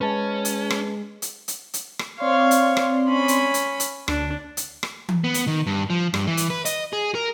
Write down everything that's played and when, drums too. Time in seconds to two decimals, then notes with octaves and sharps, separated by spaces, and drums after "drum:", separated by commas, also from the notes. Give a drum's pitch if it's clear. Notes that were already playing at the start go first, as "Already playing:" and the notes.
0.01 G#3 C#4 B4 A5
0.45 drum: hi-hat
0.70 drum: rim click
1.22 drum: hi-hat
1.48 drum: hi-hat
1.74 drum: hi-hat
1.99 drum: rim click
2.20 C4 C#5 D5 F5 C6
2.51 drum: hi-hat
2.77 drum: rim click
3.08 C#4 B5
3.28 drum: hi-hat
3.54 drum: hi-hat
3.80 drum: hi-hat
4.08 D2 D4, drum: rim click
4.57 drum: hi-hat
4.83 drum: rim click
5.09 drum: tom E3
5.24 B3
5.34 drum: hi-hat
5.47 D#3
5.67 G2
5.90 F3
6.14 G2, drum: rim click
6.27 E3
6.37 drum: hi-hat
6.50 B4
6.65 D#5, drum: hi-hat
6.93 G#4
7.15 A#4